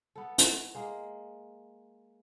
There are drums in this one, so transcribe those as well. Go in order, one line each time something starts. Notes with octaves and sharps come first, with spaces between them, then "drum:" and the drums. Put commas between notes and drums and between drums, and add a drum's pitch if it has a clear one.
B3 A4
drum: hi-hat
G#3 A#3